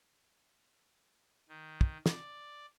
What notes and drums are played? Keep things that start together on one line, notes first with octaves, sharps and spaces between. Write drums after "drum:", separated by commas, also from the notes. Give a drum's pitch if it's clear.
D#3
drum: kick
D5, drum: snare